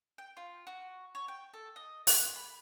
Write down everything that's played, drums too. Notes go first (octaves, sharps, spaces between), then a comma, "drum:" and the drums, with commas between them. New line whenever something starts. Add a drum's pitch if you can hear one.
G5
F4
F#4
C#5
G5
A4
D#5
F#6, drum: open hi-hat
B5